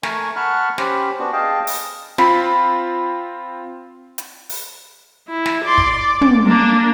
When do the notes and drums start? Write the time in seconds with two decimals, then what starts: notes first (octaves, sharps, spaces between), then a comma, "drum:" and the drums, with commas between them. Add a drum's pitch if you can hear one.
0.03 A3 A#4 G#5 C#6, drum: snare
0.36 F#5 A5 B5 C#6 F6 F#6
0.78 C#4 G4 C5 B5, drum: snare
1.19 B3 D4 F#4
1.33 G#4 D#5 F5 G5 A5
1.67 drum: open hi-hat
2.18 C4 F4 B5, drum: snare
4.18 drum: hi-hat
4.49 drum: open hi-hat
5.28 E4
5.46 drum: snare
5.64 D5 C6
5.78 drum: kick
5.96 D5
6.21 drum: tom
6.45 A#3 D4